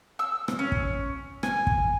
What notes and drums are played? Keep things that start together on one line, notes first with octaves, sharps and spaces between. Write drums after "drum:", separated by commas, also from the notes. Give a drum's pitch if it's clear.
E6
drum: rim click
C#4
drum: kick
G#5, drum: rim click
drum: kick